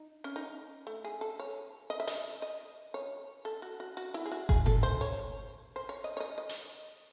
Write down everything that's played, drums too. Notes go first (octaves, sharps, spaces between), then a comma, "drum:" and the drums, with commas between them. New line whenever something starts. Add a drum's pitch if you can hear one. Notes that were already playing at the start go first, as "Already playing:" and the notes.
Already playing: D#4
C#4
D#4
A3
G#4
A4
C#5
D#5
E5
D#5, drum: hi-hat
D#5
C#5
A4
F#4
F#4
F#4
E4
G#4
F#4
G#4, drum: kick G1
A4, drum: tom G#2
C5
C#5
C5
C#5
D#5
C#5
D#5
D#5
drum: hi-hat